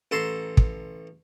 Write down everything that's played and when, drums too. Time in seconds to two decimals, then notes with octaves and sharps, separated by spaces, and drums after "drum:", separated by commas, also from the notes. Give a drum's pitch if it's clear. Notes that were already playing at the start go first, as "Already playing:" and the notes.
0.11 A1 A4 A5 A#5 C6
0.57 drum: kick